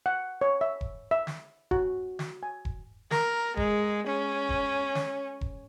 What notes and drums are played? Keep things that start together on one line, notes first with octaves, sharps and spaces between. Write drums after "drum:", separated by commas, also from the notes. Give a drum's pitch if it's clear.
F#5
C#5
E5
drum: kick E1
E5
drum: snare
F#4, drum: kick E1
drum: snare
G#5
drum: kick E1
A#4, drum: snare
G#3, drum: kick E1
C#4
drum: kick E1
drum: snare
drum: kick E1